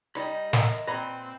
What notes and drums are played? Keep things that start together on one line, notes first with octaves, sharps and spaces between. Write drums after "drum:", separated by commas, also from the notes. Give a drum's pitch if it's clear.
G3 D#4 D#5 B5
A#4 E5, drum: snare
A#2 C4 B4 A#5 B5